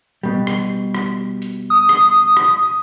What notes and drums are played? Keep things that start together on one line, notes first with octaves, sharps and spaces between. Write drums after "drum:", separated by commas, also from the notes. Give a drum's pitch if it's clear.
B2 G3
drum: rim click
drum: rim click
drum: hi-hat
D#6
drum: rim click
drum: rim click